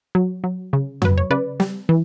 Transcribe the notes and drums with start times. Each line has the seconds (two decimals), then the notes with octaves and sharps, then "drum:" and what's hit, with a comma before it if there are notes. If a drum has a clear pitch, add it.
0.15 F#3
0.44 F#3
0.73 C#3
1.02 F#3 B4, drum: tom F2
1.18 C#5
1.30 C#3 B4 D5
1.60 G3, drum: snare
1.89 E3